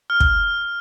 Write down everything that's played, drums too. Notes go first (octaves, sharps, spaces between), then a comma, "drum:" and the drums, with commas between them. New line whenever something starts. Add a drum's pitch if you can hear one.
F6
drum: kick